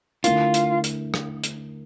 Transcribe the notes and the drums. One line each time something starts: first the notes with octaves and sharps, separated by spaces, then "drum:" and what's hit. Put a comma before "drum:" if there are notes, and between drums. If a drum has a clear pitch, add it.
D3 A3 E4 F4 A#4, drum: hi-hat
drum: hi-hat
drum: hi-hat
drum: rim click
drum: hi-hat